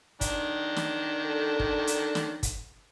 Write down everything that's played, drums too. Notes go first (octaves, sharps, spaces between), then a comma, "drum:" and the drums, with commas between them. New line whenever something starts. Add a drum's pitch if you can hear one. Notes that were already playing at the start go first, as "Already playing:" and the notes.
D#3 D4, drum: kick, hi-hat
drum: snare
A4
drum: kick
drum: hi-hat
drum: snare
drum: kick, hi-hat